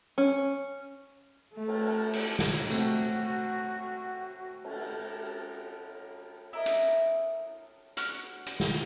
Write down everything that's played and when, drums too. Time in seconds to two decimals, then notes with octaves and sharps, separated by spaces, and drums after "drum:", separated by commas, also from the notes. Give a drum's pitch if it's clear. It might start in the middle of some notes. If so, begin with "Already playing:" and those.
0.18 C#4
1.54 A3
1.68 drum: cymbal
2.13 drum: open hi-hat
2.39 drum: snare
2.70 A3 C4 F#4, drum: tambourine
4.64 drum: cymbal
6.53 E4 A#4 D#5
6.66 drum: hi-hat
7.97 F#4 F6 F#6, drum: hi-hat
8.46 drum: hi-hat
8.60 drum: snare